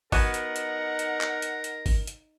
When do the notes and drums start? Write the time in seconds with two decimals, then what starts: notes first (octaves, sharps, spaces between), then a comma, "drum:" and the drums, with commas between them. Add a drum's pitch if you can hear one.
0.12 B3 D#4 F#4 A#4 F#5 G#5, drum: kick G#1, open hi-hat
0.34 drum: hi-hat
0.56 drum: hi-hat
0.99 drum: hi-hat
1.21 drum: clap
1.42 drum: hi-hat
1.64 drum: hi-hat
1.86 drum: kick G#1, open hi-hat
2.07 drum: hi-hat